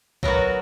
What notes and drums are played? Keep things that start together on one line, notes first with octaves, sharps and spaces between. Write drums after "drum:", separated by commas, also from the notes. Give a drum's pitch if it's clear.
F#3 B3 F#4 A#4, drum: kick A#1